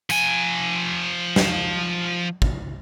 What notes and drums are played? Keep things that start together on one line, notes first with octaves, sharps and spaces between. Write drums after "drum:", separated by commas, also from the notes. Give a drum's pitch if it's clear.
F3 G#5, drum: tambourine
drum: snare
drum: kick